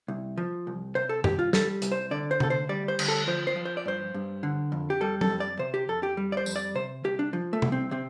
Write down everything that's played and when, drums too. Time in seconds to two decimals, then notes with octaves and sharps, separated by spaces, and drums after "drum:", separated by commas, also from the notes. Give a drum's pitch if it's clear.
0.08 C2
0.38 F3
0.67 C2
0.95 C3 C5
1.09 A4
1.24 C2 G4, drum: tom G2
1.39 F4
1.53 G3 A4, drum: snare
1.82 C2, drum: hi-hat
1.92 C5
2.11 D3 D5
2.31 C5
2.40 D2 A4, drum: tom C3
2.50 C5
2.69 G3 D5
2.88 C5
2.99 D2, drum: cymbal
3.08 A4
3.27 F3 C5
3.47 C5
3.56 F3
3.65 C5
3.77 D5
3.86 G2 C5
4.14 G2
4.43 D3
4.72 F2
4.90 G4
5.01 G3 A4
5.21 A4, drum: tom
5.30 F2
5.40 D5
5.59 C3 C5
5.74 G4
5.89 F2 A4
6.03 G4
6.17 G3
6.32 D5
6.37 C5
6.46 F2, drum: tambourine
6.56 D5
6.75 C3 C5
7.04 C2 G4
7.19 D4
7.33 F3
7.53 A3
7.62 C2, drum: tom C3
7.72 C4
7.91 C3 C4